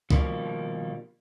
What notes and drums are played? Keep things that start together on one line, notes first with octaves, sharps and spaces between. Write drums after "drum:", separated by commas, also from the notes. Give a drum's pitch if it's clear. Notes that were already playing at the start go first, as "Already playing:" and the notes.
B2 D#3 F3 G3 A#3, drum: kick